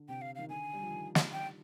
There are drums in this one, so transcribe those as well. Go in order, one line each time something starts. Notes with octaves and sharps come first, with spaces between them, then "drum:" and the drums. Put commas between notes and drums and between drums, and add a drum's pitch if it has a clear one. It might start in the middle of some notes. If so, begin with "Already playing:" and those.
Already playing: D3
C3 G5
F5
D#3 F5
D3 G#5
G3
F3
D#3
drum: snare
G5